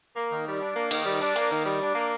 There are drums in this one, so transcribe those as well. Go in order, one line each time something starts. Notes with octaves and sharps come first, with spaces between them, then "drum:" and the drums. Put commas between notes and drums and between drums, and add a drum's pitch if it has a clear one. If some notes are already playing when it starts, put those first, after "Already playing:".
A#3
D#3
G3
D4
A#3
D#3, drum: cymbal
G3
D4
A#3, drum: hi-hat
D#3
G3
D4
A#3